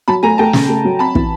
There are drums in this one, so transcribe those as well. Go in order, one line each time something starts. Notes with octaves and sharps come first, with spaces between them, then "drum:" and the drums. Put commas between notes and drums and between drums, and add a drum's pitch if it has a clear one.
F#3 A5 B5
A3 G#5 A#5
A3 G5 A5
C#3, drum: snare
A3
F#3
C4 A5 B5
E3, drum: kick